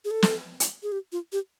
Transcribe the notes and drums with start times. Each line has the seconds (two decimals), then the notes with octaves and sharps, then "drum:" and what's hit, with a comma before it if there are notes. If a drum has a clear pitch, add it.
0.05 G#4
0.11 A4
0.23 drum: snare
0.60 drum: hi-hat
0.83 G#4
0.92 G4
1.12 F4
1.32 G4